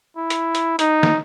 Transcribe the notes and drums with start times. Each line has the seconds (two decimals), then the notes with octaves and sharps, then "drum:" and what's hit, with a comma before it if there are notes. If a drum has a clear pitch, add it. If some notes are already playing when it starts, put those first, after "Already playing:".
0.17 E4
0.30 drum: hi-hat
0.55 drum: hi-hat
0.79 D#4, drum: hi-hat
1.03 drum: snare